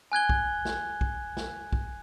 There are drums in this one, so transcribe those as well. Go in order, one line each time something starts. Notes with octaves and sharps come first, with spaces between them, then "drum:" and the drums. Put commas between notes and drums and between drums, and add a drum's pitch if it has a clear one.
G#5 F#6 G#6 G7
drum: kick B1
drum: snare
drum: kick B1
drum: snare
drum: kick B1